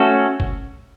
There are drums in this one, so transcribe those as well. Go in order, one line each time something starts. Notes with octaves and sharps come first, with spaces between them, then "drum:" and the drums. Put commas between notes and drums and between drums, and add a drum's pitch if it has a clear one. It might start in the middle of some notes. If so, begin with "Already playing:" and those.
Already playing: A3 C#4 F#4 A4
drum: kick G1